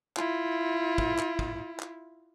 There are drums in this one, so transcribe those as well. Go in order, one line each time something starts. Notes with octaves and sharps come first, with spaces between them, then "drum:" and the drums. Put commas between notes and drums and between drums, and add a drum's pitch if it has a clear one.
E4 F4, drum: clap
drum: kick
drum: clap
drum: kick
drum: clap